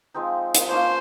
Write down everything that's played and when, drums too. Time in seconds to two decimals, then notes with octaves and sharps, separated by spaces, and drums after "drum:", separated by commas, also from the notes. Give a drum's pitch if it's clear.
0.14 F3 G#3 C4 D#4
0.55 drum: hi-hat
0.69 F3 A#3 C#4 C5